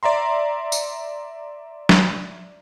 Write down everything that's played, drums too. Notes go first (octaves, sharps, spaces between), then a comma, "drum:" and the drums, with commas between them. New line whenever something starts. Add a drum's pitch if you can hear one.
D5 E5 A#5 C6
drum: tambourine
drum: snare